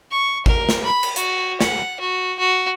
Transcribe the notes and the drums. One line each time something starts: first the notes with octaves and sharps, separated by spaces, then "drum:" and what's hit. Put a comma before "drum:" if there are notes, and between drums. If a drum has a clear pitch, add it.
C#6
A#4, drum: kick G#1
drum: snare
B5
drum: cymbal
F#4, drum: hi-hat
F#5, drum: snare
F#4
F#4